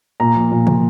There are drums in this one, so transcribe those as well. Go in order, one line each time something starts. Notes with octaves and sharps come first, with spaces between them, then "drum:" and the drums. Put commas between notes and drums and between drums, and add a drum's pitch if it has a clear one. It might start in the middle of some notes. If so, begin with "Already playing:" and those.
A#2 A#5
F3
A#2
F3, drum: tom